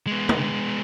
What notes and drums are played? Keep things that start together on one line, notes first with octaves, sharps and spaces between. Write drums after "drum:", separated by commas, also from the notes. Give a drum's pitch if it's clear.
G#3 B3
drum: tom